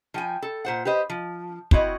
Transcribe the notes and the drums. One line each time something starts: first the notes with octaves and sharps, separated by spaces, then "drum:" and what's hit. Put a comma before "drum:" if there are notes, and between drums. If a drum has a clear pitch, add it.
F3 G5 G#5
A4
A#2 C5 F#5
G4 B4 C5 D#5
F3
C4 E4 F#4 C#5 D#5, drum: kick